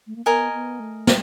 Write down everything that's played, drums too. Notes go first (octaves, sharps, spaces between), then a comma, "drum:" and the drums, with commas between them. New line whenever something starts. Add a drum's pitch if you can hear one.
A3
A#3
B3 A#4 D#5 G#5
B3
A3
G3, drum: snare